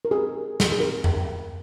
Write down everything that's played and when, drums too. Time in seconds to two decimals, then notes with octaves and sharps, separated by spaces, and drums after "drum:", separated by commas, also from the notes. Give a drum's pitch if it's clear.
0.05 A#4
0.11 C4 G4 G#4
0.60 drum: snare
0.72 G#4
0.80 C4 G4 A#4
1.04 drum: tom F2